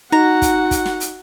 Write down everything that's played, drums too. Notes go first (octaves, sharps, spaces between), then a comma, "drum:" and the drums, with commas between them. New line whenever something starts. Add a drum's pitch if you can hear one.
D#4 F#4 F#5 A#5
drum: kick, hi-hat
drum: kick, hi-hat
drum: snare
drum: hi-hat